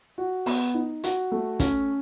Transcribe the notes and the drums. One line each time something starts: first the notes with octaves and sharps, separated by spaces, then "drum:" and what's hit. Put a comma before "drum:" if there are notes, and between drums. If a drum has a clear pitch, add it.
F#4
B3, drum: open hi-hat
D#4
F#4, drum: hi-hat
A3
C#4, drum: kick, hi-hat